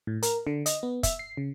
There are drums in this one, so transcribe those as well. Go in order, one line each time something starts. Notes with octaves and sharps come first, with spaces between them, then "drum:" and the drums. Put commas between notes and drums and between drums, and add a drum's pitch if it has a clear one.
A2
A#4, drum: hi-hat
D3
D#5, drum: hi-hat
B3
E5, drum: kick, hi-hat
C7
C#3